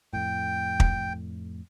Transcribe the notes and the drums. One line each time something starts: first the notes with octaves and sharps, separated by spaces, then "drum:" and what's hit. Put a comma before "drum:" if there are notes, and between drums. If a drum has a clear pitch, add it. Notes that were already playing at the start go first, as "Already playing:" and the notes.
F2 A2 G5
drum: kick